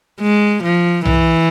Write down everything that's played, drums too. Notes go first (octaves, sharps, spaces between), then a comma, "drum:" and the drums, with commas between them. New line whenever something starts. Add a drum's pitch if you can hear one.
G#3
F3
E3, drum: tom B1